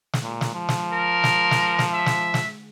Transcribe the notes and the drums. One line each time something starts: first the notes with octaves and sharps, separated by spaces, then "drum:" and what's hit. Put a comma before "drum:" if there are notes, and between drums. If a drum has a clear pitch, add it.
drum: snare
A#2
drum: snare
F3
drum: snare
A#4
drum: snare
drum: snare
drum: snare
E5
drum: snare
drum: snare